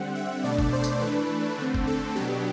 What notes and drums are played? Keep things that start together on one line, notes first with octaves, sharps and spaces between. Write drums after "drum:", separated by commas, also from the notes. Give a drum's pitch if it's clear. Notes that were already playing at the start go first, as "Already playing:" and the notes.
Already playing: D3 G3 C4 F#5
E5
B2 A3 D4 D5
drum: kick
C5
drum: tambourine
E3 A3 D4 B4
D3 A3 C4
drum: kick
A4
B2 F#3 B3 D4 G4